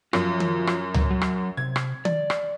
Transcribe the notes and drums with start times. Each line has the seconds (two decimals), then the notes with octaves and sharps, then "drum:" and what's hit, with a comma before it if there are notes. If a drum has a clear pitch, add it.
0.13 F#2 F3 F4, drum: rim click
0.40 drum: tom D#3
0.67 drum: rim click
0.94 drum: tom C#2
1.11 F#3
1.21 drum: rim click
1.57 C3 G#6
1.76 drum: rim click
2.05 D5, drum: tom D#3
2.30 drum: rim click